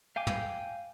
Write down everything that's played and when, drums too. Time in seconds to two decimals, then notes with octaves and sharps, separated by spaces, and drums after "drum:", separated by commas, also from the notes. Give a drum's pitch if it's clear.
0.16 F5 G5 G#5 D6
0.27 drum: tom